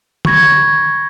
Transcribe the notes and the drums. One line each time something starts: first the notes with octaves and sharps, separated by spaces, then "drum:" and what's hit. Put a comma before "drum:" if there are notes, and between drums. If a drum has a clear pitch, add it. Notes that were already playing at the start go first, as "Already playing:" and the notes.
B5 C#6 G#6 A#6, drum: tom